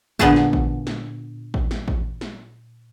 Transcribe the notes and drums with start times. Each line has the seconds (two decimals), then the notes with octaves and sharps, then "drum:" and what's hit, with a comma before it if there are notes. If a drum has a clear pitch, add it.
0.19 A#2 D3 B3 G#4 A5, drum: kick A1
0.36 drum: snare
0.53 drum: kick A1
0.87 drum: snare
1.54 drum: kick A1
1.71 drum: snare
1.88 drum: kick A1
2.21 drum: snare